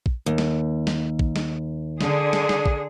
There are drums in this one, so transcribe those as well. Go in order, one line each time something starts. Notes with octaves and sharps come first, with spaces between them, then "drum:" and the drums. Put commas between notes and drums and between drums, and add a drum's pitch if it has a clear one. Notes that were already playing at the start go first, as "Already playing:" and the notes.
drum: kick
D#2
drum: snare
drum: snare
drum: kick
drum: snare
D3 G#4, drum: snare
drum: snare
drum: snare
drum: kick